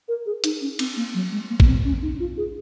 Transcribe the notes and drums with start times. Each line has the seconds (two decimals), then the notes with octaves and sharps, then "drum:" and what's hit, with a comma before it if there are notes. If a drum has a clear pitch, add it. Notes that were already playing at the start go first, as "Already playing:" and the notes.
0.08 A#4
0.26 G#4
0.44 D#4, drum: hi-hat
0.61 C#4
0.79 C4, drum: cymbal
0.96 A#3
1.14 F#3
1.32 G#3
1.49 A#3
1.60 A#3, drum: kick A1
1.67 C4
1.85 C#4
2.02 D#4
2.20 F4
2.37 G#4